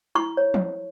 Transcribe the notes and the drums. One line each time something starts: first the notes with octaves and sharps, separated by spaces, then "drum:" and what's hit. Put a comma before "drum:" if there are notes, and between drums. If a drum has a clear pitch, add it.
E4 C#6
C#5
drum: tom F3